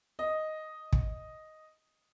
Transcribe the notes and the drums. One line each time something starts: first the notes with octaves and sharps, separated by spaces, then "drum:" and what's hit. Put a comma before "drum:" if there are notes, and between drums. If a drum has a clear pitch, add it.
D#5
drum: kick